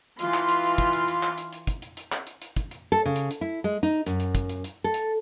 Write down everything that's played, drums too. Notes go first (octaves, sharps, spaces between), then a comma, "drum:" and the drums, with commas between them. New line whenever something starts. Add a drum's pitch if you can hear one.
E3 F4 C6, drum: hi-hat
drum: clap
drum: hi-hat
drum: hi-hat
drum: kick, hi-hat
drum: hi-hat
drum: hi-hat
drum: clap
drum: hi-hat
drum: hi-hat
drum: kick, hi-hat
drum: hi-hat
drum: hi-hat
drum: clap
drum: hi-hat
drum: hi-hat
drum: kick, hi-hat
drum: hi-hat
A4
C#3
drum: hi-hat
drum: hi-hat
E4
G#3
D#4
F#2, drum: hi-hat
drum: hi-hat
drum: kick, hi-hat
drum: hi-hat
drum: hi-hat
A4
drum: hi-hat